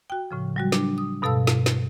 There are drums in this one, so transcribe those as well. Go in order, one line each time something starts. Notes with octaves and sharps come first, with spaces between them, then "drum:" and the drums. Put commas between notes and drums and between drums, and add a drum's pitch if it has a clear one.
F#4 G5
A2 C#3 F3
F#3 G3 F#4
D4, drum: snare
D#6
G2 B2 A4 F5 A5 E6
drum: snare
drum: snare